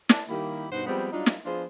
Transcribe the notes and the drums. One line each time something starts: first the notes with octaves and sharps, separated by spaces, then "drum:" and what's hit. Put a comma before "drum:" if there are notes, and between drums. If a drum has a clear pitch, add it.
D4, drum: snare
D#3 G3 A#3 E4 G4
G2 B2 D#4 C5 F#5
F3 G3 G#3 B3 C4
F#3 G3 D4 D#4 F4
drum: snare
F3 B3 D4 F4 G#4 C5